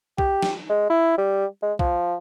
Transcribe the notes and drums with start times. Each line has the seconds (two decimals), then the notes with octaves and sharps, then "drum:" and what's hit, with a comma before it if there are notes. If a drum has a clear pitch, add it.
0.18 G4, drum: kick
0.43 drum: snare
0.69 G#3
0.90 E4
1.18 G3
1.63 G#3
1.79 F3, drum: kick